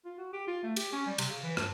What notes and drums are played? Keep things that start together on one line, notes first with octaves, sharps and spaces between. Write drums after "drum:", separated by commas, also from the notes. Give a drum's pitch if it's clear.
F4
F#4
G4
F4
A3
G4, drum: cymbal
C#4
G3
C3, drum: cymbal
C#3
E3
G2, drum: rim click